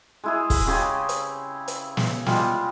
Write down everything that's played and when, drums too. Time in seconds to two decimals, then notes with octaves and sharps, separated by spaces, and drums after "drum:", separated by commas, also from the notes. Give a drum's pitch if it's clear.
0.24 G#3 E4 G#4
0.50 drum: kick, open hi-hat
0.67 C#3 G4 G#4 C6
1.09 drum: hi-hat
1.68 drum: hi-hat
1.97 drum: snare
2.26 G3 G#3 F4 G4, drum: snare